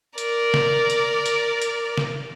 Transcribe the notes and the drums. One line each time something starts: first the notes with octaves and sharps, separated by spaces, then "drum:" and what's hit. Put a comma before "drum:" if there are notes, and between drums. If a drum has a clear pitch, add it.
A#4 D5, drum: hi-hat
drum: snare
drum: hi-hat
drum: hi-hat
drum: hi-hat
drum: snare